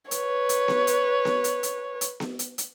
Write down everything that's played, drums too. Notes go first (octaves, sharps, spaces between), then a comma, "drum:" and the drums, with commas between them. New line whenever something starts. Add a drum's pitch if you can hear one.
B4 C#5, drum: hi-hat
drum: hi-hat
drum: snare B3
drum: hi-hat
drum: snare B3
drum: hi-hat
drum: hi-hat
drum: hi-hat
drum: snare B3
drum: hi-hat
drum: hi-hat